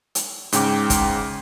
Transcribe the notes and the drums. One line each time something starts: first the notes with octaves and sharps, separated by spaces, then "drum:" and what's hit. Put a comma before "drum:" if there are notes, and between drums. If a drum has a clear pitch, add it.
drum: hi-hat
G#2 C#3 G5 D6, drum: hi-hat
drum: kick, hi-hat